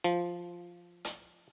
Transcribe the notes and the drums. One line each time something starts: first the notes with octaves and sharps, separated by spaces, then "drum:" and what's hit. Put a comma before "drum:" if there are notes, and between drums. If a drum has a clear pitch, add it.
F3
drum: hi-hat